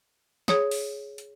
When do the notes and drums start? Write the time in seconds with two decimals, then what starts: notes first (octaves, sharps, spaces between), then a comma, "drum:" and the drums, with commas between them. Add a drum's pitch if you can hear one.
0.48 G#4 C#5 D#6, drum: snare
0.71 drum: open hi-hat
1.18 drum: hi-hat